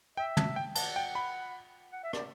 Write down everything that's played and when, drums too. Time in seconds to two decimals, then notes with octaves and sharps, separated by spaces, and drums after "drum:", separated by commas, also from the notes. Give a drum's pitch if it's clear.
0.17 E5 G5
0.37 A5, drum: tom
0.56 G5
0.75 F#5 A5, drum: cymbal
0.96 G5
1.15 B5
1.93 F#5
2.04 E5
2.13 D5, drum: rim click